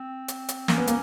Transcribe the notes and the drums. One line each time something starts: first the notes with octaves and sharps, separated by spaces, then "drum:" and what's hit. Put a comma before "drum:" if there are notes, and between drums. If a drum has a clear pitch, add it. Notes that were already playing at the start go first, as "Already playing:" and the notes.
Already playing: C4
drum: hi-hat
drum: hi-hat
A#3 C#4, drum: snare
B3
A#3, drum: hi-hat